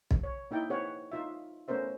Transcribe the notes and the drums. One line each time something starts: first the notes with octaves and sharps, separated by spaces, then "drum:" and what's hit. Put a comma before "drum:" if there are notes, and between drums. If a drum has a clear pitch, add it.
drum: kick
C#5
A#3 D#4 E4 G5
C4 G#4 B4 C#5 F#5
D#4 F4 E5
A3 B3 C#4 A#4 C5 E5